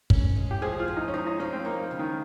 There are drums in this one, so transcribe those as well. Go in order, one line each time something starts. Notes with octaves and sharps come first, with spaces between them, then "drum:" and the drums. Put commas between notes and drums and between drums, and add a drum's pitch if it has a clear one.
C#4, drum: kick
G#3
G4
F3 G#4
F4
F3
D#4
C#4
G#3 D#4
D#4
F3 C#4
C4
A#3 D#4
C#3
D#3